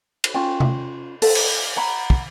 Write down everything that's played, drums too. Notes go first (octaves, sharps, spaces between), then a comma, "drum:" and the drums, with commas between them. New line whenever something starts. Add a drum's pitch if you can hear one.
drum: cymbal
C#4 F4 G5
drum: tom C3
A4, drum: open hi-hat
drum: cymbal
C#5 F#5 A#5 B5
drum: kick